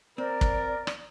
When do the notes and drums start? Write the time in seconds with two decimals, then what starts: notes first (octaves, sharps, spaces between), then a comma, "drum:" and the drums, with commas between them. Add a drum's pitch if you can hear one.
0.18 C4 A#4 D5
0.41 drum: kick
0.87 drum: rim click